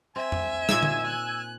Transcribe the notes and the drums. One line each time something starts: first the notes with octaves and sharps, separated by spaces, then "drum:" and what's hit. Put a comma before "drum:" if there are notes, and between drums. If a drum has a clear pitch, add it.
C4 E5 G#5
drum: tom F2
A#2 D#4 E6 G#6, drum: snare
drum: tom D3
F#6